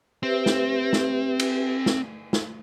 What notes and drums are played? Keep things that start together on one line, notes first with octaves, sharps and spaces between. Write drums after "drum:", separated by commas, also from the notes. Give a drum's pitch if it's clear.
C4 G4 B4 E5
drum: snare
drum: snare
drum: cymbal
drum: snare
drum: snare